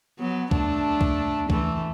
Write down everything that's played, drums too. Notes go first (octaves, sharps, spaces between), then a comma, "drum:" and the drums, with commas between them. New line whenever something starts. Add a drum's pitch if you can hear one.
F#3 B3
A3 D4, drum: kick C2
drum: kick C2
E3 A3, drum: kick C2